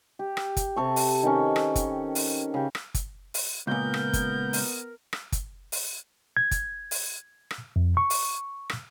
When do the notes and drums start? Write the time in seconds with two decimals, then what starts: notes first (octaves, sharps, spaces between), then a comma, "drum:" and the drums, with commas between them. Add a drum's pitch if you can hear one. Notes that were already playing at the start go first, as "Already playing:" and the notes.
0.19 G4
0.37 drum: rim click
0.57 drum: kick, hi-hat
0.76 C3 A4 C#6
0.96 drum: open hi-hat
1.23 D#3 C#4
1.56 drum: rim click
1.76 drum: kick, hi-hat
2.15 drum: open hi-hat
2.54 C#3 G4
2.75 drum: rim click
2.94 drum: kick, hi-hat
3.34 drum: open hi-hat
3.67 C#2 A#2 B3 A#4 G6
3.94 drum: rim click
4.13 drum: kick, hi-hat
4.53 drum: open hi-hat
5.13 drum: rim click
5.32 drum: kick, hi-hat
5.72 drum: open hi-hat
6.37 G#6
6.51 drum: kick, hi-hat
6.91 drum: open hi-hat
7.51 drum: rim click
7.76 F2
7.97 C#6
8.10 drum: open hi-hat
8.70 drum: rim click